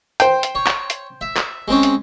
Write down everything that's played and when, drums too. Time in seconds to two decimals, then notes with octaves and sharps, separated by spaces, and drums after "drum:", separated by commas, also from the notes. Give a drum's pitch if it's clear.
0.20 C5 G5, drum: hi-hat
0.43 drum: hi-hat
0.55 C#5
0.66 drum: clap
0.90 drum: hi-hat
1.21 E5
1.37 drum: clap
1.68 G#3 C4 C#4
1.83 drum: hi-hat